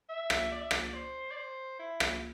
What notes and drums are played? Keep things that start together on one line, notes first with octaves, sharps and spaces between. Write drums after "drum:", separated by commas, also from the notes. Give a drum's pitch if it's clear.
E5
drum: rim click
D5
E5
D5, drum: rim click
C5
D5
C5
E4
drum: rim click